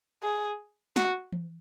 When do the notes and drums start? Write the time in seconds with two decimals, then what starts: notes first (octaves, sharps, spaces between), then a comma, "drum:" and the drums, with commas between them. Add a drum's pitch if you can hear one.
0.23 G#4
0.96 F#4, drum: snare
1.32 drum: tom E3